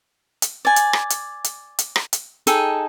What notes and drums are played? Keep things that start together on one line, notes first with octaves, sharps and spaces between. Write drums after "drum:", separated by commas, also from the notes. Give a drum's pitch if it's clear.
drum: hi-hat
D5 G#5
drum: hi-hat
drum: rim click
drum: hi-hat
drum: hi-hat
drum: hi-hat
drum: rim click
drum: hi-hat
D#4 G#4 A4 G5, drum: hi-hat